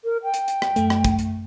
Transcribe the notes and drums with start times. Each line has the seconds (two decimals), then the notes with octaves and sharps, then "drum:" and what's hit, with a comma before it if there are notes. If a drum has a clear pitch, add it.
0.04 A#4
0.24 G5
0.34 drum: hi-hat
0.48 drum: hi-hat
0.62 drum: rim click
0.76 F#2 A3, drum: hi-hat
0.90 drum: rim click
1.04 drum: kick, hi-hat
1.19 drum: hi-hat